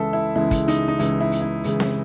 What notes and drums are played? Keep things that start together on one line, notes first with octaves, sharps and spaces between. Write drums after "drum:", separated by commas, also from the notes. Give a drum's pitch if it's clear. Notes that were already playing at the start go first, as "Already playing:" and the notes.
Already playing: C#2 C#3 E3 G#3 A4 E5
E4
C#2 C#3 E3 G#3 E4
drum: kick, hi-hat
D#4, drum: hi-hat
D#4
C#2 C#3 E3 G#3 E4, drum: hi-hat
E4
drum: hi-hat
E4
C#2 C#3 E3 G#3, drum: hi-hat
drum: snare C4